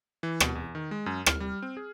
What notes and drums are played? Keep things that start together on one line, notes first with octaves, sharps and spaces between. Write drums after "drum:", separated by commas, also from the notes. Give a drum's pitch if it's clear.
E3
B2, drum: rim click
E2
D#3
G#3
F#2
F6, drum: rim click
G3
C4
G#4